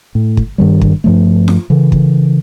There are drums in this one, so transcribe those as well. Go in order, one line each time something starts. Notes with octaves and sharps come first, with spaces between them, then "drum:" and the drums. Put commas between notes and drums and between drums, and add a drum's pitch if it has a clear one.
A2
drum: kick
G2 D#3 G3
drum: kick
G2 F3 A3
drum: snare F4
C#3 E3
drum: kick